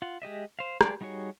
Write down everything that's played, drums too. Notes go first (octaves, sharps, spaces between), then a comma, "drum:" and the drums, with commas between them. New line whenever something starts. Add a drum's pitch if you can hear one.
F4 F#5
G#3 G4 D#5 E5
C5 F5
G4 G#4 D5, drum: rim click
G3 D#4 F#4 G#4 C#5